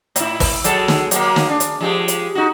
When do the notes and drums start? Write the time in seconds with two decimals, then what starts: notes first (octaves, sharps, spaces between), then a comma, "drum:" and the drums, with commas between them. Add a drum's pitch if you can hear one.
0.16 A2 E4, drum: hi-hat
0.40 drum: kick, open hi-hat
0.64 F#3 G#3 A4, drum: hi-hat
0.88 drum: snare
1.11 F#3 G#3 A#3, drum: hi-hat
1.36 drum: snare
1.49 D4
1.60 drum: hi-hat
1.81 F3 G#3 G4
2.08 drum: hi-hat
2.35 D#4 F#4